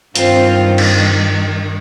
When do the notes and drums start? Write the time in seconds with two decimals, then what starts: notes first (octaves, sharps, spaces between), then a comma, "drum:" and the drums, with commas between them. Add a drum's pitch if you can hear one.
0.15 G2 D#3 C4 F4, drum: hi-hat
0.78 drum: cymbal